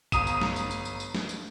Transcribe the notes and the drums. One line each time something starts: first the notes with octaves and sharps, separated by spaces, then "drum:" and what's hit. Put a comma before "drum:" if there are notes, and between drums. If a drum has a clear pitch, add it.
G1 A#5 D#6 D#7, drum: kick A1, tambourine
drum: tambourine
drum: snare
drum: tambourine
drum: tambourine
drum: tambourine
drum: tambourine
drum: snare
drum: tambourine